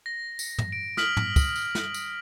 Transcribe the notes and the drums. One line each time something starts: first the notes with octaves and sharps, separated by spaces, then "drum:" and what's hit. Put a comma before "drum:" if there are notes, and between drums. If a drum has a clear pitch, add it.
A#6
drum: tambourine
drum: tom
D7
D#6 F6 B6 F#7, drum: snare
drum: tom
drum: kick, tambourine
drum: tambourine
drum: snare
drum: tambourine